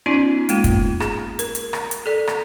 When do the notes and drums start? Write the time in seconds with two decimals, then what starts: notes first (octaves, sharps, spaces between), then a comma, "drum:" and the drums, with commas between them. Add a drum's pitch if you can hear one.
0.06 B3 C#4 D#4 F4 D5
0.49 G#3 A#3 F4, drum: hi-hat
0.64 drum: kick, hi-hat
1.00 G#4, drum: rim click
1.39 A#4, drum: hi-hat
1.55 drum: hi-hat
1.73 drum: rim click
1.91 drum: hi-hat
2.06 A4 D5
2.27 drum: rim click